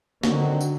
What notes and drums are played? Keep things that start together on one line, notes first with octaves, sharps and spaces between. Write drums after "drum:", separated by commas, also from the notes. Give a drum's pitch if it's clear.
D3 D#3 F#3 C4 F#4, drum: snare
drum: tambourine